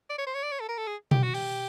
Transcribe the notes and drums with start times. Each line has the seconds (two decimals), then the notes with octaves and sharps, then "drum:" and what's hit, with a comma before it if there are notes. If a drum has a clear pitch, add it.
0.10 D5
0.18 C#5
0.26 C5
0.34 C#5
0.43 D5
0.52 C#5
0.60 A4
0.69 A#4
0.77 A4
0.87 G#4
1.11 G4, drum: tom B2
1.23 F#4
1.34 G4, drum: open hi-hat